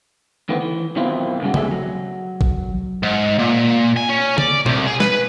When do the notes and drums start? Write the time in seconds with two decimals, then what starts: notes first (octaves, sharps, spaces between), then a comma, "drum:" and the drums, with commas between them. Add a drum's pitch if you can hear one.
0.49 D2 D#3 E3 A3 B3 C4
0.61 E3
0.96 B1 B2 D#3 C4 E4 F4
1.41 G2 C#3 G#3 F#4
1.54 G3 A3 G#4 E5, drum: tom C#3
1.71 F#3
2.41 drum: kick G#1
3.03 G#2
3.39 A#2
3.97 G#5
4.10 C#4
4.38 D5, drum: tom C#3
4.66 C2, drum: tom B2
4.87 G#4
5.00 B4, drum: snare